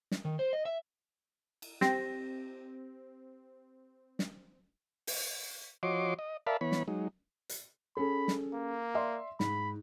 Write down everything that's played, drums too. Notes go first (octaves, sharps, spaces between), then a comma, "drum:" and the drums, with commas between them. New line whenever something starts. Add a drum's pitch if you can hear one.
drum: snare
D#3
C5
D#5
E5
drum: cymbal
C4 G4 A#6, drum: snare
drum: snare
drum: open hi-hat
F3 F#4 C#5 D#5 C6 D6
D#5
A#4 D5 E5 F5 A5 B5
E3 B3 C#5 B5
drum: snare
F#3 G#3 D#4
drum: hi-hat
C#4 G#4 A4 B5
drum: snare
A#3
D5 E5 C6
G#2 B5, drum: snare